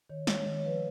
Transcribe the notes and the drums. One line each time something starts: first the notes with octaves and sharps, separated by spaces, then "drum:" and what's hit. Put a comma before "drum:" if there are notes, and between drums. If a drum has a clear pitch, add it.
D#3 C#5
G#3 C#5, drum: snare
D#3
C#5
F3 B4